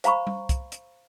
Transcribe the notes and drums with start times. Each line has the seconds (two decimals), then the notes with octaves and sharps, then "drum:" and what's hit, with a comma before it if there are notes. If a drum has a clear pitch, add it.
0.04 C5 F5 A#5 B5 C#6, drum: hi-hat
0.27 drum: tom G3
0.49 drum: kick, hi-hat
0.72 drum: hi-hat